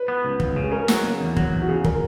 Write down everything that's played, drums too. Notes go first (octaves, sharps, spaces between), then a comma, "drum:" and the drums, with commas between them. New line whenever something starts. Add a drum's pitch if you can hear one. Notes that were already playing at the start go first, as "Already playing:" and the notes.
Already playing: B4
B3
C#2
C#2, drum: kick
C#3
G#4
C#4 A#4
F#3, drum: snare
C#3
E2
F#3, drum: kick
E2
F#4
C#3 G#4
A#4, drum: kick